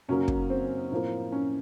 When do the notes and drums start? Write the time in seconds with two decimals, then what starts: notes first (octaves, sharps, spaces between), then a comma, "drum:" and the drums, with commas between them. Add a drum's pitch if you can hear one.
0.08 F#2 C#3 F#3 A#3 C#4
0.28 drum: kick
0.50 C4
0.91 A2 F3 A#3
1.32 C#4